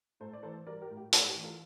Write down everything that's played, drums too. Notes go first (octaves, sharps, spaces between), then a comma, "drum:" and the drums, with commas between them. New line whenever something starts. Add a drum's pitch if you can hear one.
A2 A4 C5
D5
E3 A4 C5
G3 A#4 D5
G4 A#4
A2
G4
A2 G4, drum: hi-hat
G4
E3
F4 A4